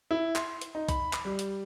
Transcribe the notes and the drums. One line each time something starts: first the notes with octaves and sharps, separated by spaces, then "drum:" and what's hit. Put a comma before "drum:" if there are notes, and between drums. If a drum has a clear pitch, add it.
E4
C6, drum: clap
drum: hi-hat
D#4
B5, drum: kick B1, hi-hat
drum: clap
G3
drum: hi-hat